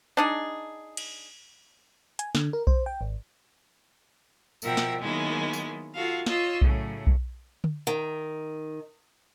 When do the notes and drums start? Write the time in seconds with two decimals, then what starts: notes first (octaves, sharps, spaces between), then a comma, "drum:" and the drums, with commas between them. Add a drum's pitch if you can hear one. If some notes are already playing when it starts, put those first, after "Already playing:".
0.17 D4 D#4 G#4
0.97 drum: cymbal
2.19 G#5, drum: hi-hat
2.35 D3, drum: snare
2.53 A#4
2.67 C5, drum: kick B1
2.86 G5
3.01 G#1
4.62 B2 F3 A#4 E5 F#5 G5, drum: tambourine
4.77 drum: snare
4.99 D#3 F#3 G#3 A#3 B3 E4
5.53 drum: tambourine
5.94 F4 F#4 A4 F5
6.26 F4 C#5 D#5 E6, drum: snare
6.62 A2 C#3 F#3 A3, drum: kick B1
7.07 drum: kick B1
7.64 drum: tom D3
7.87 D#3